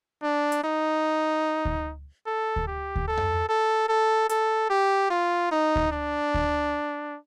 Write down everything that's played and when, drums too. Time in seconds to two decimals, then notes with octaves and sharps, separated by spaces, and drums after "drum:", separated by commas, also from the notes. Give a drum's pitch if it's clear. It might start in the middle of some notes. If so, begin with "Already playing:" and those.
0.23 D4
0.52 drum: hi-hat
0.64 D#4
1.65 drum: kick D2
2.26 A4
2.56 drum: kick D2
2.67 G4
2.96 drum: kick D2
3.08 A4
3.17 drum: tom F2
3.49 A4
3.89 A4
4.29 A4, drum: hi-hat
4.70 G4
5.10 F4
5.51 D#4
5.76 drum: kick D2
5.92 D4
6.34 drum: kick D2